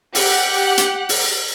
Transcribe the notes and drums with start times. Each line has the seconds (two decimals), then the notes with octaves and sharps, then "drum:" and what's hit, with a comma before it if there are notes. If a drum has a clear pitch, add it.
0.15 G4 F#5 F#6, drum: open hi-hat
0.78 drum: hi-hat
1.09 drum: open hi-hat